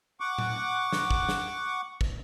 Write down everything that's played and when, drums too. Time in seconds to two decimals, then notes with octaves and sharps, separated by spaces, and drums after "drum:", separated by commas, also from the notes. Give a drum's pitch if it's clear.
0.20 F#5 C#6 D6
0.38 drum: tom A#2
0.93 drum: snare
1.11 drum: kick
1.29 drum: snare
2.01 drum: kick